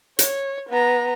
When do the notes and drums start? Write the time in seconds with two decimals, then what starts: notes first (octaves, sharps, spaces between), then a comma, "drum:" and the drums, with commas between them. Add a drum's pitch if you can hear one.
0.19 C#5, drum: hi-hat
0.69 B3 A#5